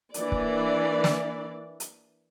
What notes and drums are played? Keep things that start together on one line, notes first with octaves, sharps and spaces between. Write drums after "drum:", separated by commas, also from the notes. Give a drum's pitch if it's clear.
E3 A#3 D4 D5, drum: hi-hat
drum: kick
drum: snare
drum: hi-hat